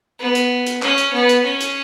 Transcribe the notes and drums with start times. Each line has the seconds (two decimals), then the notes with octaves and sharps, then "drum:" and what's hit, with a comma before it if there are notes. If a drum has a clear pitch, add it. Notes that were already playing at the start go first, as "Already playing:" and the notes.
0.19 B3
0.35 drum: hi-hat
0.67 drum: hi-hat
0.82 C#4, drum: clap
0.98 drum: hi-hat
1.13 B3
1.29 drum: hi-hat
1.45 C#4
1.61 drum: hi-hat